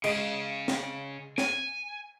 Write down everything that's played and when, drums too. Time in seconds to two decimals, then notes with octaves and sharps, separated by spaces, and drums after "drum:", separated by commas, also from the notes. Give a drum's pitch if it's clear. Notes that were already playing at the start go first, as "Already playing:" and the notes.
0.04 C#3 G#3 G#4 D#5 D7, drum: cymbal
0.68 drum: snare
1.38 G#5, drum: snare